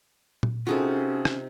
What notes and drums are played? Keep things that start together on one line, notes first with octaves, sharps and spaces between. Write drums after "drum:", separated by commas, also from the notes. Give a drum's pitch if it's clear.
drum: tom A#2
C3 C#4 D#4 F4 F#4 G#4 A4
drum: rim click